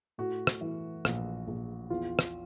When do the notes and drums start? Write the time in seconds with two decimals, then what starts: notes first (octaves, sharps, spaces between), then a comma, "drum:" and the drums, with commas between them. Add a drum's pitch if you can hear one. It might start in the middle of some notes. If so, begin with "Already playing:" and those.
0.18 A2 F#4
0.47 drum: rim click
0.61 E3
1.05 A#1, drum: rim click
1.47 A#1
1.90 E2 F4
2.19 drum: rim click